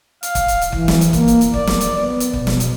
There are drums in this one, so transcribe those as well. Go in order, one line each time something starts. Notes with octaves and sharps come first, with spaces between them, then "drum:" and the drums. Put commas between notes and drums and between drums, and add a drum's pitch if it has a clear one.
F5, drum: hi-hat
drum: kick, hi-hat
drum: hi-hat
drum: hi-hat
E3, drum: kick
drum: snare
drum: hi-hat
A#3, drum: kick, hi-hat
drum: hi-hat
drum: hi-hat
D5, drum: kick
drum: snare
drum: hi-hat
B3
drum: hi-hat
B2, drum: kick
drum: snare
drum: hi-hat